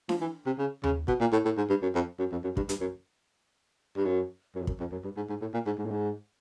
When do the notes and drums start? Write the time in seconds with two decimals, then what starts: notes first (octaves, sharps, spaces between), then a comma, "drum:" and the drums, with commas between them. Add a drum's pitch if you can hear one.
0.09 F3, drum: snare D4
0.21 E3
0.46 C3
0.58 C#3
0.84 C#3, drum: tom D#2
1.08 B2, drum: kick
1.21 A#2
1.32 A2
1.45 A2
1.57 G#2
1.70 G2
1.82 F#2
1.95 F2
2.19 F#2
2.32 F2
2.44 F#2
2.57 G2, drum: kick
2.69 G2, drum: hi-hat
2.81 F#2
3.97 G2
4.05 F#2
4.55 F#2
4.62 F2
4.67 F#2, drum: kick
4.80 F2
4.92 F#2
5.05 G2
5.17 G#2
5.29 G#2
5.41 A2
5.54 A#2
5.66 G#2
5.78 G#2
5.86 A2
5.91 G#2